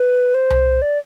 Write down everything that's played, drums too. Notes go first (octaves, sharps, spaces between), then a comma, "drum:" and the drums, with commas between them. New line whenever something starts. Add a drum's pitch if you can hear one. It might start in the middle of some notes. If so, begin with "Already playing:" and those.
Already playing: B4
C5
drum: tom C2
D5